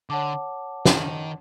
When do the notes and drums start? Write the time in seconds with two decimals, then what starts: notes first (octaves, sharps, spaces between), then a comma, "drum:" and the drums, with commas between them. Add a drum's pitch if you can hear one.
0.10 D3 C#5 F#5 A5 D6
0.85 D#3, drum: snare